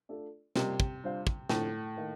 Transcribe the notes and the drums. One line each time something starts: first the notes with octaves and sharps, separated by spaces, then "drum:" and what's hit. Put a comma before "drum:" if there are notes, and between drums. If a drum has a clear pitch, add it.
A3 D4 F4 A4 D5
C3 G3 A#3 F4 A#4 D#5, drum: snare
drum: kick
G3 D4 F4 C5 F5
drum: kick
A2 D3 F3 A3 C4, drum: snare
D#3 A#3 D#4 A#4 F5